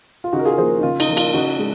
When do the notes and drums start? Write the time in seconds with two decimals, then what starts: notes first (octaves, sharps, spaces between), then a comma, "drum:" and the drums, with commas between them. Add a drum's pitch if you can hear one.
0.24 F4
0.33 C#3 D#4 F#4
0.39 A#4
0.45 F4 G#4
0.53 A#4
0.57 F3 A#3 G#4 C5
0.79 D#4
0.83 C#3 F4
1.00 D#4, drum: cymbal
1.09 F3 A#3
1.17 F4, drum: cymbal
1.34 C#3 D#4 F#4
1.59 G#3